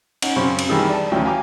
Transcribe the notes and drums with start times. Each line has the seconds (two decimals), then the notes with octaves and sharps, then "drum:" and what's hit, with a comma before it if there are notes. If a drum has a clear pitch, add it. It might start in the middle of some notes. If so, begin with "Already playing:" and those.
0.22 C#4 D#4 F#5, drum: cymbal
0.36 F#2 C#3 C4 B5 C#6
0.59 drum: cymbal
0.69 D#3 E3 G3 D4 G#4 E6
0.89 D5 A5
1.12 D2 E3 F#3 C#4 G5
1.25 F5 G5 G#5 A#5 D6